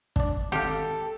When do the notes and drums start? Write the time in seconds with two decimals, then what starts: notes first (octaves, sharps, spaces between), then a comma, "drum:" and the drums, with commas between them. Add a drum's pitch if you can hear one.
0.16 D4 D5, drum: kick
0.52 G#1 G4 A4 F5